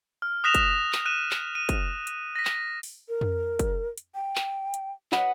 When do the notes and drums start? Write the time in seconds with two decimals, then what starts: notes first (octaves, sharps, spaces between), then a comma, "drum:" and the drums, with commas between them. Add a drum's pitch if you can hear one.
0.22 F6
0.44 D#6 F#6 A#6 B6 E7 F7
0.55 drum: kick, hi-hat
0.93 drum: clap
1.06 F#6 D#7 E7
1.31 drum: clap
1.55 D#7
1.69 drum: kick, hi-hat
2.07 drum: hi-hat
2.36 A#6 B6
2.45 drum: clap
2.83 drum: open hi-hat
3.09 A#4
3.21 drum: tom F2
3.59 drum: kick, hi-hat
3.98 drum: hi-hat
4.15 G5
4.36 drum: clap
4.74 drum: hi-hat
5.12 B4 D#5 F#5, drum: clap